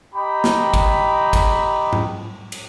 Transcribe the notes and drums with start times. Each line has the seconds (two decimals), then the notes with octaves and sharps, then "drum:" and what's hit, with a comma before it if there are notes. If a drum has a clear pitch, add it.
0.14 G4 D#5 G5 A#5 B5
0.44 drum: snare
0.74 drum: kick G#1, cymbal
1.33 drum: kick G#1, cymbal
1.93 drum: tom G#2
2.52 drum: cymbal